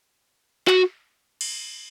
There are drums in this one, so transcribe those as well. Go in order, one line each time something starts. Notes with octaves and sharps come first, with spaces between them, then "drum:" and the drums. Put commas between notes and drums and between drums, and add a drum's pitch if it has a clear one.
F#4, drum: clap
drum: cymbal